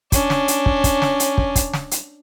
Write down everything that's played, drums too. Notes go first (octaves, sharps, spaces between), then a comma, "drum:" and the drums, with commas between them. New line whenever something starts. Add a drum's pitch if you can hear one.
C#4 D4, drum: kick, hi-hat
drum: snare
drum: hi-hat
drum: kick
drum: kick, hi-hat
drum: snare
drum: hi-hat
drum: kick
drum: kick, hi-hat
drum: snare
drum: hi-hat